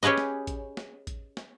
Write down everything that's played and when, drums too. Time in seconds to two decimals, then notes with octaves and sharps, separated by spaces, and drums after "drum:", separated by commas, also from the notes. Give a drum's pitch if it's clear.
0.03 C#4 G4 G#4 B4 D#5
0.18 drum: snare
0.47 drum: kick A1, hi-hat
0.77 drum: snare
1.07 drum: kick A1, hi-hat
1.37 drum: snare